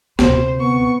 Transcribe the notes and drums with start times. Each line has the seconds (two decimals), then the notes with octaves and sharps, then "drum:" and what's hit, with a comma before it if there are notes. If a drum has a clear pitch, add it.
0.19 D2 C3 C5, drum: snare
0.60 B3 C#6